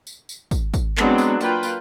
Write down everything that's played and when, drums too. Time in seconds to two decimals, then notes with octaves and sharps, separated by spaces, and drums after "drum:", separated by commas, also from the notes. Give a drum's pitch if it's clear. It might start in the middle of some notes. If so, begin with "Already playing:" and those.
0.07 drum: tambourine
0.29 drum: tambourine
0.51 drum: kick, tambourine
0.74 drum: kick, tambourine
0.97 F#3 G#3 B3 C4 D4, drum: clap
1.18 drum: tambourine
1.41 A#3 F4 B4 G5, drum: tambourine
1.63 drum: tambourine